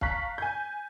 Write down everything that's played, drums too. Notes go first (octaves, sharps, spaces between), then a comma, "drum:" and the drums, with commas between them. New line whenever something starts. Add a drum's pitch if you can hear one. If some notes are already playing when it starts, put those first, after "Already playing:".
F5 A5 A#5 C#6 F#6 B6, drum: kick
G#5 G6